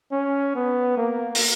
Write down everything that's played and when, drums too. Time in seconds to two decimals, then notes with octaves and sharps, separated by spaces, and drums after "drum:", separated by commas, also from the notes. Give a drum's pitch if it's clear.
0.12 C#4
0.55 B3
0.97 A#3
1.35 drum: open hi-hat